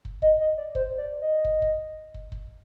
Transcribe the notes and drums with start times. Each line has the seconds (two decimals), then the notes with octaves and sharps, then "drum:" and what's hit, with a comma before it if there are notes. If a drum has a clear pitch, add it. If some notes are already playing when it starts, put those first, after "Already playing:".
0.05 drum: kick
0.22 D#5, drum: kick
0.40 D#5
0.57 D5
0.75 C5, drum: kick
0.98 D5
1.22 D#5
1.45 drum: kick
1.62 drum: kick
2.14 drum: kick
2.32 drum: kick